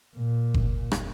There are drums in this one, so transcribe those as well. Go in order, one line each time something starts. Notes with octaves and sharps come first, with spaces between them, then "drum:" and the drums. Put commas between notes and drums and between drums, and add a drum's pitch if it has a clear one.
A#2
drum: kick F#1
drum: rim click